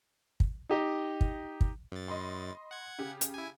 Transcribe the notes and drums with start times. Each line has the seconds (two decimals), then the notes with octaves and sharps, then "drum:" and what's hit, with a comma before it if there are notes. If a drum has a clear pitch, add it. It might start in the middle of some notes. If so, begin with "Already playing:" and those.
0.40 drum: kick
0.69 D#4 G4 D#5
1.21 drum: kick
1.61 drum: kick
1.92 F#2 A6
2.08 D#5 B5 C6
2.71 F#5 G#6
2.99 C#3 G4
3.21 drum: hi-hat
3.34 E4 G#5